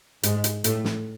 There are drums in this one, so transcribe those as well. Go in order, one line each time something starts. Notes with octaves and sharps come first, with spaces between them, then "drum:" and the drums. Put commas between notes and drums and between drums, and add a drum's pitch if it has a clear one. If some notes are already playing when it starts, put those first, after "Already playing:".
G#2 G#3, drum: hi-hat
drum: hi-hat
A2 A3, drum: hi-hat
drum: snare